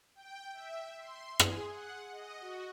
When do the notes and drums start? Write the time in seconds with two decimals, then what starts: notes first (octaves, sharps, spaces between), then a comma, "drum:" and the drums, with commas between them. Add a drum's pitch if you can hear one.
0.15 G5
0.54 E5
1.00 C6
1.39 G#4, drum: rim click
1.70 F#5
2.12 D#5
2.41 F#4